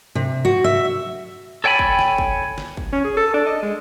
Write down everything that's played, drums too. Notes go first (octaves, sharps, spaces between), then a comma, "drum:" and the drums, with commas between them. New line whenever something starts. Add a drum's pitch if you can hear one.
C3
F#4
E5
A4 C#5 G5 G#5 B5
drum: kick
drum: snare
drum: kick
drum: snare
drum: kick
C#4
G#4
A4
D4
D#5
G#3